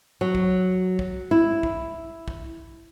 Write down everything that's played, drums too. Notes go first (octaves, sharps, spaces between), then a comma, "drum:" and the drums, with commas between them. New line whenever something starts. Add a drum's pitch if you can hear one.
F#3
drum: kick
drum: kick
E4
drum: kick
drum: kick